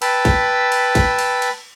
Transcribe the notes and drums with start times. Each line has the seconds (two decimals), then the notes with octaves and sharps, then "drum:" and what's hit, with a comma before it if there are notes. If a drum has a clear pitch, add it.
0.02 B4 G5 A5 B5 E6, drum: cymbal
0.25 drum: kick, cymbal
0.72 drum: cymbal
0.95 drum: kick, cymbal
1.19 drum: cymbal
1.42 drum: cymbal